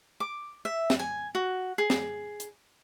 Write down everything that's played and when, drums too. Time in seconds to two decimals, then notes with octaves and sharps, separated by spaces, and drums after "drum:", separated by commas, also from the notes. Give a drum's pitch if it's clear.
0.20 D6
0.65 E5
0.90 drum: snare
0.99 G#5
1.35 F#4
1.78 G#4
1.90 drum: snare
2.40 drum: hi-hat